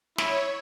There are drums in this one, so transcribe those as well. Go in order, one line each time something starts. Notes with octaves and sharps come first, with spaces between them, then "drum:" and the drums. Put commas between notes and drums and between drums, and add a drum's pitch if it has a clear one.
E4 C#5, drum: snare